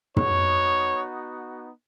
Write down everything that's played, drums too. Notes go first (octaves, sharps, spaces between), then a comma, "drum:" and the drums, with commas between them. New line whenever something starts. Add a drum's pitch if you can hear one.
B3 D#4 F#4 C#5, drum: tom